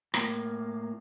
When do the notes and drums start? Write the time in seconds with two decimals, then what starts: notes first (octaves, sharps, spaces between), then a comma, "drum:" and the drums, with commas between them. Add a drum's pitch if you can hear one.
0.14 A2 A#3, drum: rim click